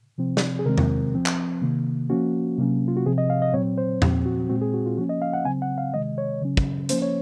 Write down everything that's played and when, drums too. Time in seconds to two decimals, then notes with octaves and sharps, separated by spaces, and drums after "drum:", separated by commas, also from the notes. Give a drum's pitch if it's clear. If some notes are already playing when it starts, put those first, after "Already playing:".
0.18 C3 F3 C4
0.37 drum: snare
0.59 G#4
0.66 C3 D#3 G#3 C4 A#4
0.78 drum: tom E2
1.14 F3 C4
1.26 drum: clap
1.62 C3 D#3 A#3
2.10 F3 A#3 C#4 F#4
2.58 C3 F#3 A#3 C#4
2.88 F4
2.97 F#4
3.06 C3 F3 C4 G#4
3.18 D#5
3.30 F5
3.42 D#5
3.53 A#2 F#3 C4 C#5
3.78 C5
4.02 A#2 F3 C4, drum: tom E2
4.26 F#4
4.49 A#2 G#3 C4 F#4
4.62 G#4
4.74 F#4
4.86 F4
4.98 F3 A#3 C#4 F#4
5.09 D#5
5.22 F5
5.33 F#5
5.45 C#3 F#3 C4 G#5
5.62 F#5
5.78 F5
5.94 C3 D#3 G#3 D#5
6.18 C#5
6.42 C#3 F#3 C#4
6.57 drum: kick
6.89 F3 A#3 C#4 C5, drum: hi-hat
7.02 C#5